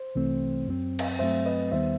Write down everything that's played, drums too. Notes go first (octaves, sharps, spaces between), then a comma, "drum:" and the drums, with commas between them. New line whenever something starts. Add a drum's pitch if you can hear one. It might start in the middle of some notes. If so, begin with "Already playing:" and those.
Already playing: C5
C2 C3 E3 A3 C4
F#2 F#3 C4
drum: cymbal
G2 F#3 A3 C4 C5 E5
B4 D#5
D#2 D#3 G3 B3 C5 E5